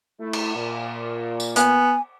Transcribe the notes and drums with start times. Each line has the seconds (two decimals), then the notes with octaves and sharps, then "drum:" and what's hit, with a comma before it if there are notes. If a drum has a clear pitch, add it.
0.20 A3 E4
0.33 drum: cymbal
0.55 A#2
1.40 drum: tambourine
1.56 B3 G#5, drum: hi-hat